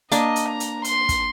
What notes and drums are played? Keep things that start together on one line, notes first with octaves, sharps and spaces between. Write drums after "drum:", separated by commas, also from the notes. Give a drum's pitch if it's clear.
A#3 D4 D#5, drum: hi-hat
drum: hi-hat
A#5
drum: hi-hat
C6, drum: hi-hat
drum: kick, hi-hat